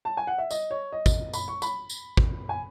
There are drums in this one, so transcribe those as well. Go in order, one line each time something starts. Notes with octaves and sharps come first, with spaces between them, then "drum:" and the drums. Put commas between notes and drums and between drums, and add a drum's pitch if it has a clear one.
A5
G#5
F#5
E5
D#5, drum: tambourine
C#5
D#5
drum: kick, tambourine
B5, drum: tambourine
C#6
B5, drum: tambourine
drum: tambourine
drum: kick
G#5